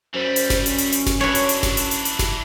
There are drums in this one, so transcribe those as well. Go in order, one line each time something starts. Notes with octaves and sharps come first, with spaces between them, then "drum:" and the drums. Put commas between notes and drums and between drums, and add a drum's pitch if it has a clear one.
F#2 E3 G3 C5
drum: hi-hat
drum: snare F#1
C#4, drum: hi-hat
drum: hi-hat
drum: hi-hat
drum: snare F#1
E3 D4 B4 C#5
drum: hi-hat
drum: hi-hat
drum: snare F#1
drum: hi-hat
drum: hi-hat
drum: hi-hat
drum: snare F#1